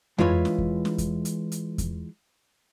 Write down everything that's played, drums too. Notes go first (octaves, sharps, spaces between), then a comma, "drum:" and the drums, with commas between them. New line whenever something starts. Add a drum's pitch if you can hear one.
E3 G#3 E4 F4 B4 C#5, drum: tom F2
drum: snare
drum: kick E2
drum: snare
drum: kick E2, hi-hat
drum: hi-hat
drum: hi-hat
drum: kick E2, hi-hat